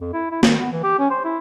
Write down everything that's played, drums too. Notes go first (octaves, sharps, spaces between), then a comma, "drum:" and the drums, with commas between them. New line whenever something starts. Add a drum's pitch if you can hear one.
F2
E4
E4
D#3, drum: snare
B3
E3
G4
C#4
C5
E4